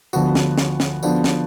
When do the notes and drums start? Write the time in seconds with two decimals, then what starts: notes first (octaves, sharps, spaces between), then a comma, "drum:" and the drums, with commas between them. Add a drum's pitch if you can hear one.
0.13 D2 D3 F3 B3 F#4, drum: tambourine
0.35 drum: snare
0.58 drum: snare
0.80 drum: snare
1.03 D3 F3 B3 D4 F#4, drum: tambourine
1.24 drum: snare